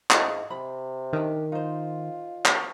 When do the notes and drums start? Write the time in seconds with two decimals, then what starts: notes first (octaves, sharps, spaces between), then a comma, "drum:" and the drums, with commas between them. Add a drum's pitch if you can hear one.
0.11 G#2 E4 D#5 F5, drum: clap
0.50 C3 B5
1.13 D#3 D4 G4
1.52 D#4 F4 C5
2.46 drum: clap